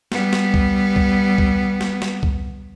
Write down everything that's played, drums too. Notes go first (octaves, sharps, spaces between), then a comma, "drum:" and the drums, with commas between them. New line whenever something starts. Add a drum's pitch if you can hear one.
G3 B3, drum: snare
drum: snare
drum: kick C2
drum: kick C2
drum: kick C2
drum: snare
drum: snare
drum: kick C2